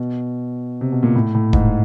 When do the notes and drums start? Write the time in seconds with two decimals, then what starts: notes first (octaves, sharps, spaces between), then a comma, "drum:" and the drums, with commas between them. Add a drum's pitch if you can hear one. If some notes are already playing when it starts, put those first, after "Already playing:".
Already playing: B2
0.81 C3
0.92 B2
1.03 A#2
1.15 A2
1.34 A2
1.53 G#2, drum: kick D#1